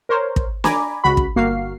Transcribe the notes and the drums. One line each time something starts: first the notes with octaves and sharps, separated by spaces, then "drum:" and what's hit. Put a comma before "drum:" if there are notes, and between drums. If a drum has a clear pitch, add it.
A#4 C5 C#5
drum: kick
G#5 A#5 B5 D6, drum: snare
C#2 F#4 B5
drum: kick
G1 A#3 F#4 F5 C7